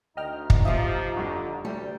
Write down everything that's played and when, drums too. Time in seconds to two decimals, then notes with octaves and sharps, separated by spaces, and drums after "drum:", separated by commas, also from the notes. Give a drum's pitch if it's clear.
0.17 D2 D#4 D#5 G5 F6
0.50 drum: kick
0.65 F3 F4 G4 E5 D#6
1.17 F2 D3 G3 F#4
1.65 D2 G3 A3